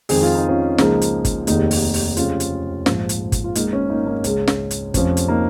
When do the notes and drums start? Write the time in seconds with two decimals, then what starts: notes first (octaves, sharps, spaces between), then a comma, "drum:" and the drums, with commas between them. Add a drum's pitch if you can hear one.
0.09 F2 D#3 G#3 G#4, drum: open hi-hat
0.22 F4
0.35 D#4
0.49 C#4 F4
0.78 C#2 C#3 F3 G#3 A#3 D#4, drum: snare
1.02 drum: hi-hat
1.25 drum: kick, hi-hat
1.47 F1 D#2 D#3 G#3 A#3 D#4, drum: hi-hat
1.71 drum: open hi-hat
1.94 drum: open hi-hat
2.17 F1 F2 C#3 G#3 C#4 F4, drum: hi-hat
2.40 drum: hi-hat
2.86 A#1 G#2 F3, drum: snare
3.09 drum: hi-hat
3.32 drum: kick, hi-hat
3.44 F4
3.55 G#1 G#2 G#3 A#3 D#4, drum: hi-hat
3.73 C#4
3.90 A#3 D#4
4.07 A#3 D#4
4.24 C#2 C#3 G#3 C#4, drum: hi-hat
4.48 drum: snare
4.71 drum: hi-hat
4.94 F1 F2 F3 C#4, drum: kick, hi-hat
5.17 drum: hi-hat
5.28 A#3 D#4